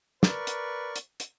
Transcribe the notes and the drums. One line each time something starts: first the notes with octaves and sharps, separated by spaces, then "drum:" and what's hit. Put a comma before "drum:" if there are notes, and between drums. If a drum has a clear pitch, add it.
A#4 B4 D5 C#6, drum: snare
drum: hi-hat
drum: hi-hat
drum: hi-hat